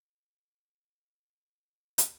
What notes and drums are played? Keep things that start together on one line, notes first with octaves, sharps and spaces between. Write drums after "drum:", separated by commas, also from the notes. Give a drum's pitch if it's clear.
D#4 G#4
F#3 G3
C#5
drum: hi-hat